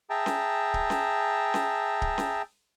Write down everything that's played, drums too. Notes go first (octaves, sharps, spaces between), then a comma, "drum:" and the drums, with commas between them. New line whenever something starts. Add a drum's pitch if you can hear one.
G#4 E5 G5 A5 A#5
drum: snare C#4
drum: kick D1
drum: snare C#4
drum: snare C#4
drum: kick D1
drum: snare C#4